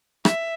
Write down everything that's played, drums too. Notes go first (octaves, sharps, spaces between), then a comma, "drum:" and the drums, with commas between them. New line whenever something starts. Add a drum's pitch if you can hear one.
E5, drum: rim click